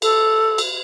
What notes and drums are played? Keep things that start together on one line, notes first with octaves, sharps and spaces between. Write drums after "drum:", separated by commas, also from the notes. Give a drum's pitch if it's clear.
A4, drum: cymbal
drum: cymbal